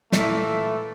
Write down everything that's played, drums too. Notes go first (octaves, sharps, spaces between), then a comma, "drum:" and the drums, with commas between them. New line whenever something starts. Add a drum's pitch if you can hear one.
A#2 E3 A3 E4, drum: snare